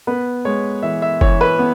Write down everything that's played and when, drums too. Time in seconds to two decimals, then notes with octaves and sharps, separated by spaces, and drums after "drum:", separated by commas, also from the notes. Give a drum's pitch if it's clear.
0.07 B3 B4
0.45 G#3 C#5
0.83 E3 E5
1.02 E5
1.21 E3 C#5, drum: kick F#1
1.41 B4
1.59 B3